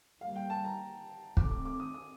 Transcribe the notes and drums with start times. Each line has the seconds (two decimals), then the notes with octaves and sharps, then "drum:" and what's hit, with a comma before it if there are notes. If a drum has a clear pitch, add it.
0.21 D#3 G3 A#3 F5
0.36 G5
0.50 A5
0.64 A#5
1.37 D#3 A3 C4 D6, drum: kick
1.51 D6
1.65 D6
1.80 D#6
1.94 D#6